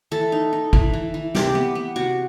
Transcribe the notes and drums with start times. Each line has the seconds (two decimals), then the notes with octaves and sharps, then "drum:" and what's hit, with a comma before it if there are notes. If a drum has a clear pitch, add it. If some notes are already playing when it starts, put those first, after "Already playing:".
0.11 E3 A4
0.32 D#4
0.53 D#4
0.73 E3, drum: kick
0.93 E3
1.14 E3
1.35 C3 G4, drum: snare
1.55 B3
1.75 B3
1.96 C3 F#4